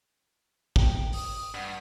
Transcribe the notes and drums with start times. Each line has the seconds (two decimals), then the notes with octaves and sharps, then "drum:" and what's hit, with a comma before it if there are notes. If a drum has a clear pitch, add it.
0.76 G5, drum: kick
1.13 D#6, drum: open hi-hat
1.54 G2 F#5